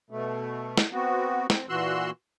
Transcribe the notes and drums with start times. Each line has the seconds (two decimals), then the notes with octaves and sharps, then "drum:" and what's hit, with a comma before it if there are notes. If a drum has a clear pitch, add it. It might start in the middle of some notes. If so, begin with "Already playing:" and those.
0.10 B2 A3
0.77 drum: snare
0.93 B3 C4 F#4
1.50 C4, drum: snare
1.69 A#2 E3 F#4 C6 E6 F#6